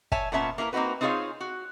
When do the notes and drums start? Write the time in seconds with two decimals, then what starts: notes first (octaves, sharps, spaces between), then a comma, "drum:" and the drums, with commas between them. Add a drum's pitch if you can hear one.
0.12 C#5 E5 G#5 A5, drum: kick
0.32 A#2 B3 C#4 E5 A5
0.58 A#3 E4 G#4 A#4 B4
0.73 A#3 C4 D#4 F#4 B4
1.01 C4 D#4 F4 G#4 C#5 F5
1.41 F#4